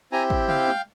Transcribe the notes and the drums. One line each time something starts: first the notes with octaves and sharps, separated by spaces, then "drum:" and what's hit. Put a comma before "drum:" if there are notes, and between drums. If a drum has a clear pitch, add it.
C4 E4 G4 G#5 A#5
drum: kick
F5 G5, drum: tom
drum: tom G3